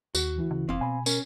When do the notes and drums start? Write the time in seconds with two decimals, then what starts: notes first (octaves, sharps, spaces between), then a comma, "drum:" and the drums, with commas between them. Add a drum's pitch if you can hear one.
0.15 D#2 F#4, drum: tambourine
0.36 D2 E3 E4
0.51 C#3
0.69 F1 C4 F5
0.81 B2 G#5 B5
1.06 C#4 A#4, drum: tambourine